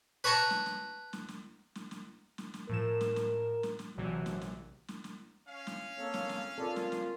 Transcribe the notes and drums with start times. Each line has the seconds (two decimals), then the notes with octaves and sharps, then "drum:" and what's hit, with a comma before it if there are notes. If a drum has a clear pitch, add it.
0.24 B4 C#5 A5 A#5 C#6
0.50 drum: snare
0.66 drum: snare
1.13 drum: snare
1.28 drum: snare
1.75 drum: snare
1.91 drum: snare
2.38 drum: snare
2.54 drum: snare
2.69 A2 F3 A#4 E7
3.01 drum: snare
3.16 drum: snare
3.63 drum: snare
3.79 drum: snare
3.97 A#1 C3 E3 F#3
4.26 drum: snare
4.41 drum: snare
4.88 drum: snare
5.04 drum: snare
5.47 C#4 F5
5.67 drum: snare
5.99 A#3 C4 A4 C#5
6.14 drum: snare
6.29 drum: snare
6.58 C4 F4 A4 A#4 D5
6.76 drum: snare
6.92 drum: snare